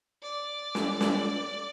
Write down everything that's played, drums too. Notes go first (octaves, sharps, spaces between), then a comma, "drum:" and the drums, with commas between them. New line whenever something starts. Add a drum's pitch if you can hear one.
D5
drum: snare
drum: snare